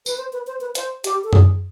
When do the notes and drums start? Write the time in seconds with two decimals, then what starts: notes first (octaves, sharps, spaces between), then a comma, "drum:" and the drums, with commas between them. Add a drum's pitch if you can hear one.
0.06 B4, drum: tambourine
0.18 C5
0.33 B4
0.47 C5
0.61 B4
0.75 C5, drum: hi-hat
1.04 G4, drum: hi-hat
1.24 A4
1.33 G#4, drum: tom F#2